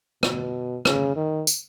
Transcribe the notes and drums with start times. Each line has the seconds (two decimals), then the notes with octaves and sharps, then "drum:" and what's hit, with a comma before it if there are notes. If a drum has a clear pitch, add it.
0.23 B2, drum: rim click
0.85 C#3, drum: rim click
1.16 D#3
1.47 drum: tambourine